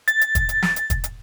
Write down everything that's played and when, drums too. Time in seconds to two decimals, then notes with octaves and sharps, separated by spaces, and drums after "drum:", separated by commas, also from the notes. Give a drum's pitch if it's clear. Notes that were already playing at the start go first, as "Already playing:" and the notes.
0.08 A6, drum: hi-hat
0.21 drum: hi-hat
0.35 drum: kick, hi-hat
0.49 drum: hi-hat
0.62 drum: snare
0.76 drum: hi-hat
0.90 drum: kick, hi-hat
1.04 drum: hi-hat